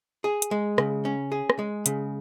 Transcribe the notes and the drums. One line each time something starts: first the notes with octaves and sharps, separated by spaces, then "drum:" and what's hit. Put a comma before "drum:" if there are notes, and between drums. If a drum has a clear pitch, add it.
G#4
drum: hi-hat
G#3
C#3, drum: rim click
C#4
G#4
drum: rim click
G#3
C#3, drum: hi-hat